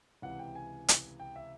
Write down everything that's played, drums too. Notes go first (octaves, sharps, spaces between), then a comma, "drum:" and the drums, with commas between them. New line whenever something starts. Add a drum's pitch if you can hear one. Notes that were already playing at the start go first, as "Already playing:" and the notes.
C#2 C3 E3 F#5
G5
G#5
drum: hi-hat
G5
E5